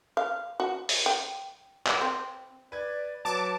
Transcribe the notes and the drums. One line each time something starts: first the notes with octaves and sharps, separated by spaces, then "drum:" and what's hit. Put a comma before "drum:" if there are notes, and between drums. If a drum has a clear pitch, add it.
F5
F#4
drum: open hi-hat
G5
drum: clap
C4
B4 D5 G#6
F#3 B4 A5 D6